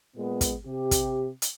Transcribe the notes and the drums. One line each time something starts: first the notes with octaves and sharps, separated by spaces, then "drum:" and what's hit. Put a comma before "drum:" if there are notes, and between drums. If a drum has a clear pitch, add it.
A#2 G#3 B3
drum: kick, hi-hat
C3 G4
drum: kick, hi-hat
drum: hi-hat